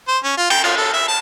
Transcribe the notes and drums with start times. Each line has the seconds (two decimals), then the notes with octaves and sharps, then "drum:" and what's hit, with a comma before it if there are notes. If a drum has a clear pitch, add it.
0.08 C5
0.24 C#4
0.37 F4
0.50 G5, drum: cymbal
0.64 F4, drum: cymbal
0.77 A4
0.93 E5
1.08 A5